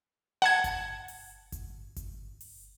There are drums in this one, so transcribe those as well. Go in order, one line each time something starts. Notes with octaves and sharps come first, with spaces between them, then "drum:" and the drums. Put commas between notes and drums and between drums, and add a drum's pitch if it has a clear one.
F#5 A5 G#6
drum: kick G1, hi-hat
drum: open hi-hat
drum: kick G1, hi-hat
drum: kick G1, hi-hat
drum: open hi-hat